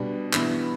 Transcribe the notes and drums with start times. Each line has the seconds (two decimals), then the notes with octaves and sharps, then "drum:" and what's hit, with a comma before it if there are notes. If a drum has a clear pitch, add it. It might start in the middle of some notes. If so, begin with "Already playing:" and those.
Already playing: B2 G3 D4
0.33 G2 E3 G3 B3 E4, drum: clap